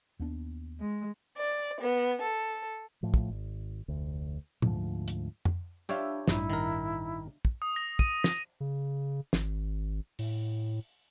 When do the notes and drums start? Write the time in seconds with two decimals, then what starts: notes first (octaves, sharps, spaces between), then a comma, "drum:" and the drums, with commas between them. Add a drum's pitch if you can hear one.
0.19 D#2 B3 D4
0.78 G#3
1.37 D5
1.80 B3
2.20 A4
3.03 A2 F3
3.14 drum: kick
3.29 G#1
3.88 F1 D2
4.62 D2 G#2 F3, drum: tom A#2
5.08 drum: hi-hat
5.45 drum: tom F2
5.89 D4 E4 F4 G4 C#5
6.28 A1 G2 D#4 E4, drum: snare
6.50 D#3 A#4
7.45 drum: kick
7.62 D#6
7.76 A#6
7.99 D#7, drum: kick
8.24 A#6, drum: snare
8.60 C#3
9.33 G#1, drum: snare
10.19 A2, drum: open hi-hat